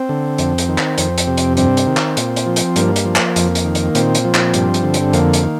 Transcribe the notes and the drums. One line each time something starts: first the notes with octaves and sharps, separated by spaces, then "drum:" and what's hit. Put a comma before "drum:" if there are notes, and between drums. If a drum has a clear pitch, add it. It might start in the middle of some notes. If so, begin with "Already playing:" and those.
Already playing: C4
D3
F2, drum: hi-hat
drum: hi-hat
D#3
drum: clap
F2, drum: hi-hat
drum: hi-hat
C3
drum: hi-hat
G2 C4, drum: hi-hat
drum: hi-hat
D#3
drum: clap
A#2, drum: hi-hat
drum: hi-hat
F3
drum: hi-hat
G2 A#3, drum: hi-hat
drum: hi-hat
F3
drum: clap
F2, drum: hi-hat
drum: hi-hat
D#3
drum: hi-hat
A#2 C4, drum: hi-hat
drum: hi-hat
F3
drum: clap
G2, drum: hi-hat
drum: hi-hat
D3
drum: hi-hat
F2 A#3, drum: hi-hat
drum: hi-hat
D#3